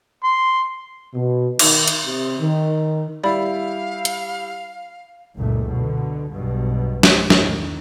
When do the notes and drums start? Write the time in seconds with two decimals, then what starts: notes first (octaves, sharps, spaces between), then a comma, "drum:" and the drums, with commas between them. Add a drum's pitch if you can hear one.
0.24 C6
1.15 B2
1.59 D#3, drum: cymbal
1.88 drum: hi-hat
2.05 C3
2.40 D#3
3.24 G3 E4 D5 F5 B5
4.05 drum: hi-hat
5.37 F#1 C#2 A#2 A3
5.71 B2 D3
6.30 B1 G2 B2
7.03 drum: snare
7.30 E2 A2 D#3, drum: snare